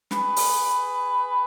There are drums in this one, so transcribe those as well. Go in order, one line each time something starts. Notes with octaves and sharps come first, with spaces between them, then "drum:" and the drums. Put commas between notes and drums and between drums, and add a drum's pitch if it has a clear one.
G#4 B4, drum: snare
drum: open hi-hat